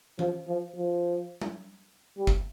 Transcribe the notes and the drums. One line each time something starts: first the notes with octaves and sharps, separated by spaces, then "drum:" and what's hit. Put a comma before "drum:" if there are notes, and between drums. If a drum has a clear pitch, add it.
F3, drum: tom E3
F3
F3
drum: tom G3
G3
drum: kick